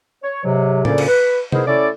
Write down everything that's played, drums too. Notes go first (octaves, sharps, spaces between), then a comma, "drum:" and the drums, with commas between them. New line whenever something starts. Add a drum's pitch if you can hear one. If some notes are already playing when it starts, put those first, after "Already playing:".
C#5
G#2 C3 F#3
D2 A#2 C#3 C#4 A4 D5, drum: tom A2
drum: cymbal
B4
B3 D#4 E4 G#4 A#4 C5, drum: tom C3
A3 C#4 E4 A4 D5